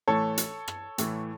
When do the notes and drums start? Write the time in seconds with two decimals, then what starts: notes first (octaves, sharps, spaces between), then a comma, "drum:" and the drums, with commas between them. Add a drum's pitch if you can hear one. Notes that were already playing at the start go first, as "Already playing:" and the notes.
0.08 A2 E3 A3 A4 C#5
0.38 drum: hi-hat
0.68 drum: rim click
0.98 A2 E3 A3, drum: hi-hat